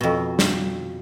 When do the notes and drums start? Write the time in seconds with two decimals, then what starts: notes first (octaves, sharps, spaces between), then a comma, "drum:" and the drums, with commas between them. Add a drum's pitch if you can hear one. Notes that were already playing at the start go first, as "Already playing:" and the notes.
0.01 F2 B2
0.39 drum: snare